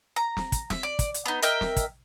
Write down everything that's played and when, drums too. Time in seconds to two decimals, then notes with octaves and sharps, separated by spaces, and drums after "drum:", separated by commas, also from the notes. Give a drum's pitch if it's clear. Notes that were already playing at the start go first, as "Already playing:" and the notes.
0.16 A#5
0.37 drum: snare
0.52 drum: kick, hi-hat
0.70 E5, drum: snare
0.83 D5
0.99 drum: kick, hi-hat
1.14 drum: hi-hat
1.26 B3 D#4
1.43 A#4 D#5 E5 G5, drum: hi-hat
1.61 drum: snare
1.76 drum: kick, hi-hat